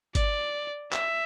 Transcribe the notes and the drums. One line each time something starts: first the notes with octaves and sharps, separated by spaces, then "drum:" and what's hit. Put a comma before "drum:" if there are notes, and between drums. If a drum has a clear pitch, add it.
D5, drum: kick G1, hi-hat
E5, drum: clap